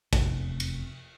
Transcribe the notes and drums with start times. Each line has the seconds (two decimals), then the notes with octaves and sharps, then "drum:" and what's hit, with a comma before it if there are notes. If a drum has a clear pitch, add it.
0.13 F1 E2 C3, drum: kick A1, cymbal
0.60 drum: cymbal